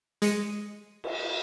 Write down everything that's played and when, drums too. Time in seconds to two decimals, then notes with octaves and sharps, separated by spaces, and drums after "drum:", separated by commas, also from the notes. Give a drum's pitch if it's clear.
0.22 G#3 C#7 D#7, drum: hi-hat
1.04 drum: cymbal